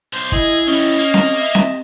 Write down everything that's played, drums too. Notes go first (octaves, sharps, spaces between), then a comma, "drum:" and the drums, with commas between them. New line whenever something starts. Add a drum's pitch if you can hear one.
B1 C5
E4 G#4 D#5, drum: kick
E3 G3 C#4 D#5
A#3
drum: snare C4
E5
drum: snare C4